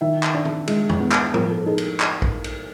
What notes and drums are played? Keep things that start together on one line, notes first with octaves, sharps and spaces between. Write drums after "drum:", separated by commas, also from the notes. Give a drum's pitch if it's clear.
D#3 E5
drum: clap
D4
drum: tom
G#3, drum: cymbal
drum: tom E2
B3
drum: clap
F3 A#4, drum: tom
A4
A4
D#4 G#4
drum: cymbal
drum: clap
drum: kick
drum: cymbal